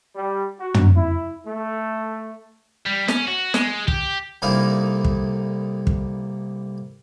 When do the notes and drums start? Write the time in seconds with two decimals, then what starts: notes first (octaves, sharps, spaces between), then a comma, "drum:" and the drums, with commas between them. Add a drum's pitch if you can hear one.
0.15 G3
0.60 F#4
0.74 drum: tom
0.95 E4
1.46 A3
2.86 G3
3.08 C#4, drum: snare
3.28 F#4
3.54 G#3, drum: snare
3.88 G4, drum: kick
4.42 C2 D3 A#3 D#4 E4 F5
5.04 drum: kick
5.87 drum: kick